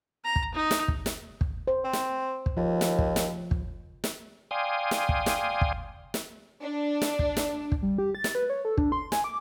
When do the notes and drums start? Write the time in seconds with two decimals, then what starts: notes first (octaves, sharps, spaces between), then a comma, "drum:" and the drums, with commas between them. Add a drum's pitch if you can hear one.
0.25 A#5
0.36 drum: kick
0.55 D#4
0.71 drum: snare
0.88 drum: kick
1.06 drum: snare
1.41 drum: kick
1.67 C5
1.84 C4
1.93 drum: snare
2.46 drum: kick
2.57 D#2 F3
2.81 drum: snare
2.99 drum: kick
3.16 drum: snare
3.51 drum: kick
4.04 drum: snare
4.51 D5 F5 G5 G#5 C6 D#6
4.91 drum: snare
5.09 drum: kick
5.26 drum: snare
5.61 drum: kick
6.14 drum: snare
6.61 D4
7.02 drum: snare
7.19 drum: kick
7.37 drum: snare
7.72 drum: kick
7.82 G3
7.98 G4
8.15 A6
8.24 drum: snare
8.35 B4
8.50 C#5
8.65 A4
8.77 D4, drum: kick
8.92 C6
9.12 G#5, drum: snare
9.24 D6